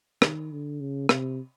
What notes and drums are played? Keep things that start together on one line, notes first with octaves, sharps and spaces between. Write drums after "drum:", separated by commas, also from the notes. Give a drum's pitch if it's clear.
D#3, drum: rim click
D3
C#3
C3, drum: rim click